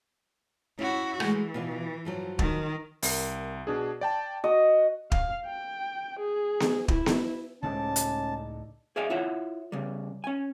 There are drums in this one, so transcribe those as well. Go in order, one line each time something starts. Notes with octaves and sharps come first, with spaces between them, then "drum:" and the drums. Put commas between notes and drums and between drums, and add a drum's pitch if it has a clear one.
C#4 E4 F#4
E3 G#3 A3, drum: rim click
B2 F4 D5
G2 F3 F#3
D#3, drum: kick
C2 A#4, drum: open hi-hat
B2 D4 G#4
D5 G5 A5
F#4 D#5
F5, drum: kick
G5
G#4
drum: snare B3
E4, drum: kick
drum: snare B3
C#2 A2 G#3 C#4 D#4 A4 D5 A5
drum: hi-hat
G#4 D5 E5 F5 G#5
E4 F4 C#5 E5 F#5
C#3 G3
C#4 G#5